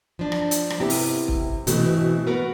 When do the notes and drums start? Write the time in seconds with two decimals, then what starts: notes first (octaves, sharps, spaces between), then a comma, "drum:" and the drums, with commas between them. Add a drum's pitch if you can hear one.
0.19 F3 D4
0.32 drum: rim click
0.51 drum: hi-hat
0.70 drum: rim click
0.80 C3 B3 E4 G4
0.90 drum: open hi-hat
1.28 drum: kick C#1
1.67 B2 E3 A3 C4, drum: hi-hat
2.27 B3 F#4 A#4 B4